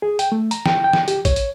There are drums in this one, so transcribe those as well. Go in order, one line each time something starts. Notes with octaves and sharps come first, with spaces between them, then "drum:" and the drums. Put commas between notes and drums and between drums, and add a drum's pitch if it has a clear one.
G#4
G5, drum: hi-hat
A3
A#5, drum: hi-hat
G5, drum: snare
G5
drum: snare
G4, drum: hi-hat
C#5, drum: kick A#1, hi-hat
drum: hi-hat